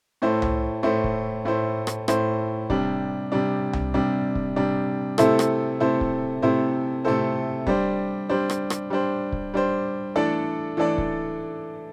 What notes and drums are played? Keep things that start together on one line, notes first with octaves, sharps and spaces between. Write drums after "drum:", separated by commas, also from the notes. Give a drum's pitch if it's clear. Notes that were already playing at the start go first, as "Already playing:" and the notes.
A2 A3 E4 C5
drum: tom C2
A2 A3 E4 C5
drum: kick
A2 A3 E4 C5
drum: rim click
A2 A3 E4 C5, drum: rim click
C3 G3 D4, drum: kick
C3 G3 D4
drum: tom C2
C3 G3 D4
drum: kick
C3 G3 D4
C3 A3 E4 A4 C5, drum: rim click
drum: rim click
C3 A3 E4 A4 C5
drum: kick
C3 A3 E4 A4 C5
C3 A3 E4 A4 C5
G3 D4 C5, drum: kick
G3 D4 C5
drum: rim click
drum: rim click
G3 D4 C5
drum: kick
G3 D4 C5
E3 A3 D4 A4 D5
E3 A3 D4 A4 D5
drum: kick